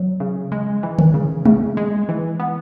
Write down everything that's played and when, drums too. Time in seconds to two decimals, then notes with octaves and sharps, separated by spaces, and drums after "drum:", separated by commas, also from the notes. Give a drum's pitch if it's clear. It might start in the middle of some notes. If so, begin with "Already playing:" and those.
Already playing: F#3
0.20 C#3
0.52 G#3
0.83 E3
0.99 drum: tom D3
1.14 C#3
1.45 C#3, drum: tom G#3
1.77 G#3
2.09 E3
2.40 B3